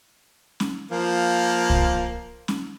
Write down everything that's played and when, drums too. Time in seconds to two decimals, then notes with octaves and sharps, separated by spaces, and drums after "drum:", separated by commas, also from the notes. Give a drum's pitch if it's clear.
0.60 drum: snare C#4
0.91 F3 A#3
1.70 drum: kick C2
2.48 drum: snare C#4